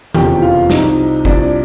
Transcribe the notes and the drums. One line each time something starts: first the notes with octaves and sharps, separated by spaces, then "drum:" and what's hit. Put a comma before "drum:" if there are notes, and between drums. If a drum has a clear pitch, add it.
F1 E2 C#3 F3 G4 G5, drum: tom D#3
F4 F5
C2 C3 F3 D#4 D#5, drum: snare
C2 C3 F3 D4 D5, drum: kick